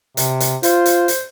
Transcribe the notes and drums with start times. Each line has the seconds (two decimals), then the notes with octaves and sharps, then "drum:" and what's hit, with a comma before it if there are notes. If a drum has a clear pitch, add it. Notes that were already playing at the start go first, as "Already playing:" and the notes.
0.17 C3, drum: hi-hat
0.40 drum: hi-hat
0.63 F4 C5, drum: hi-hat
0.86 drum: hi-hat
1.08 drum: hi-hat